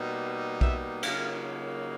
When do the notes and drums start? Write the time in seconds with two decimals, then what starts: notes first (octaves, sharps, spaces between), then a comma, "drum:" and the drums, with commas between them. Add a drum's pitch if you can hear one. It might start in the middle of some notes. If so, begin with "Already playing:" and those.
Already playing: B2 G3 A#3 D#4
0.61 E5, drum: kick B1
1.03 C#3 F#3 A#3 D#4 F5, drum: cymbal